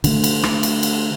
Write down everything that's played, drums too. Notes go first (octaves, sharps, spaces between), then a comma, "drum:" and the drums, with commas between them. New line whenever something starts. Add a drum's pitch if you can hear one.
D3 A3, drum: cymbal
drum: cymbal
drum: rim click
drum: cymbal
drum: cymbal